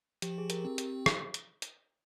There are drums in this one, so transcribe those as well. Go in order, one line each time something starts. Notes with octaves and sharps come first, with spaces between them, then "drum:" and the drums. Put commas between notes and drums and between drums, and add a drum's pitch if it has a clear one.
F3 G4, drum: hi-hat
G#4
G4 A#4, drum: hi-hat
C4
G4, drum: hi-hat
drum: rim click
drum: hi-hat
drum: hi-hat